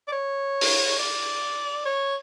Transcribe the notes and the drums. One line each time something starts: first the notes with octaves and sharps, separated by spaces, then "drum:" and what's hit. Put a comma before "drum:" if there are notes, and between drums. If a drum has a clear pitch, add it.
D5
C#5
drum: open hi-hat
D5
C#5